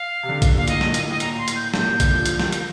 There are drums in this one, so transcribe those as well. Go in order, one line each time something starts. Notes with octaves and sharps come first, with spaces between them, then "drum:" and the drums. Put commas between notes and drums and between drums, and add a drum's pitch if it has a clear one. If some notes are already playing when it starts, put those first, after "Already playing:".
Already playing: F5
C3
D3
C3, drum: kick, hi-hat
A#2 F5
A2 D#5, drum: hi-hat
A#2, drum: snare
A#2 D#5, drum: hi-hat
A2 D#5
A#2 A#5, drum: hi-hat
A#5
C6
A2, drum: hi-hat
G6
A#2 G6, drum: snare
C3
D3, drum: kick, hi-hat
F3
F3, drum: hi-hat
G3, drum: snare
drum: hi-hat